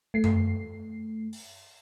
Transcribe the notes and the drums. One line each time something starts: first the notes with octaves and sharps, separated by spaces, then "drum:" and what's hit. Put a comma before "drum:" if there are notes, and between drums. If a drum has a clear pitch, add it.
A3 C7
drum: tom F#2
drum: open hi-hat